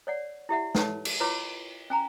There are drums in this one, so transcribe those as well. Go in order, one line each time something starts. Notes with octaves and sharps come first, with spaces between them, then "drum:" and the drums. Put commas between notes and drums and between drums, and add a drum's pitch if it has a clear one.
C#5 D5 F#5
E4 G4 E5 F#5
A4 B4 C#5 A5, drum: snare
drum: cymbal
E4 F4 B4 C#5 B5 D6
C#4 G#5 A#5